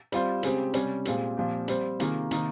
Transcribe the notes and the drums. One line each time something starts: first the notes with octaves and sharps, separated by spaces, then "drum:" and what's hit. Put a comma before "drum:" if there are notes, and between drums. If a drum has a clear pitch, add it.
G3 C4 F4 C5, drum: hi-hat
C#3 G#3 C4 G4, drum: hi-hat
C3 G3 C#4, drum: hi-hat
A#2 G#3 C4 G4, drum: hi-hat
A#2 F3 C4 G4
G3 C4 G4 C5, drum: hi-hat
C3 D#3 A#3 F4 G#4, drum: hi-hat
C3 D#3 A#3 D#4, drum: hi-hat